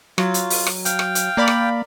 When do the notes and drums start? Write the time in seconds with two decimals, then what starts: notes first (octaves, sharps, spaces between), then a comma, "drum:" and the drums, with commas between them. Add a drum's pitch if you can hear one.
0.18 F#3 F4, drum: rim click
0.34 drum: hi-hat
0.50 drum: open hi-hat
0.67 drum: rim click
0.85 F5 G5, drum: hi-hat
0.99 drum: rim click
1.15 drum: hi-hat
1.37 A#3 A#4 D5 B5
1.48 drum: rim click